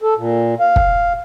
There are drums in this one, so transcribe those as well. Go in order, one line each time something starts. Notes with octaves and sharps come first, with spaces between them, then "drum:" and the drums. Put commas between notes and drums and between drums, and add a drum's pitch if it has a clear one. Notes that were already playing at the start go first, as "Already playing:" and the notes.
A4
A#2
F5
drum: kick